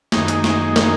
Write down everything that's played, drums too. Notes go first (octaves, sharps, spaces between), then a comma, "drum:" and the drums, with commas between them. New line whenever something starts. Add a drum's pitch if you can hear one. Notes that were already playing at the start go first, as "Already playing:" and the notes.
F#2 D#3 A#3 D#4 G#4, drum: snare
drum: hi-hat
drum: snare
A#4, drum: snare